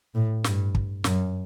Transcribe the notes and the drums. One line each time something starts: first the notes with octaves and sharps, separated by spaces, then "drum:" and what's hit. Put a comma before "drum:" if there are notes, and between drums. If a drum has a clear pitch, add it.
A2
G2, drum: snare
drum: kick
F#2, drum: snare